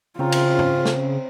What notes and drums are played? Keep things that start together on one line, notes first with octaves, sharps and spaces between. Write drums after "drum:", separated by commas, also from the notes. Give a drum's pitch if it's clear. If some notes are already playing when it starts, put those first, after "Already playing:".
C#3 C4 F4 C#5 A#5
drum: cymbal
drum: tom G#2
drum: snare